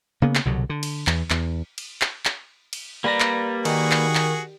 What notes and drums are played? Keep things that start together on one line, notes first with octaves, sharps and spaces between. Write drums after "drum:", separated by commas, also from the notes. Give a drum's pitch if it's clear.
C#3 A#3 B3
drum: clap
C2 B2 D3 F#3
D3
drum: cymbal
E2, drum: clap
E2, drum: clap
drum: cymbal
drum: clap
drum: clap
drum: cymbal
G3 A#3 B4 A#5
drum: clap
D#3 F#4 G#4, drum: cymbal
drum: clap
drum: clap